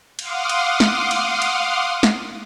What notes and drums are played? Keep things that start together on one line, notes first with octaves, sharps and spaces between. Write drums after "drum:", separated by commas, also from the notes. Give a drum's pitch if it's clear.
F5 F#5 C6 D6 D#6 F6, drum: cymbal
drum: cymbal
drum: snare
drum: cymbal
drum: cymbal
drum: snare